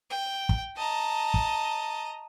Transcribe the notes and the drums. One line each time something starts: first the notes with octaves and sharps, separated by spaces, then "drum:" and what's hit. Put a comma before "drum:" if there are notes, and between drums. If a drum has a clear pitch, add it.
G5
drum: kick
D#5 A5 A#5
drum: kick